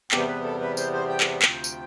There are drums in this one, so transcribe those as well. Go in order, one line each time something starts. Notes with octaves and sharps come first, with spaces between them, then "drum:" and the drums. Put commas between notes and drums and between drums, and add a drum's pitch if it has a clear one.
E2 C3 G3 B3 G4, drum: clap
B4
A4
B4
C5, drum: tambourine
C5
G5
drum: clap
D2 C3 F3 G5, drum: clap
drum: tambourine